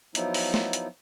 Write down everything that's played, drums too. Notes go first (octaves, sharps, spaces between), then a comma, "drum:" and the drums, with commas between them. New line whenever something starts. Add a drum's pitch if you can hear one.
F3 F#3 B3 D#4 E4, drum: hi-hat
drum: open hi-hat
drum: snare
drum: hi-hat